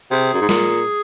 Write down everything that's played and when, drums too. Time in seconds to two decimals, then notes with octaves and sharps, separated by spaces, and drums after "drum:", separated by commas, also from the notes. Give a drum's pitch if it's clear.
0.11 C3 G#4
0.33 F#2
0.41 G#2
0.49 A#2, drum: snare